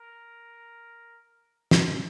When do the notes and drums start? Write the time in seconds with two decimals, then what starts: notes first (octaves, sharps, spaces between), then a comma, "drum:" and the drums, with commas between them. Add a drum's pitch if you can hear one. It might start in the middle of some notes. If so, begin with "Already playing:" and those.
Already playing: A#4
1.71 A#4, drum: snare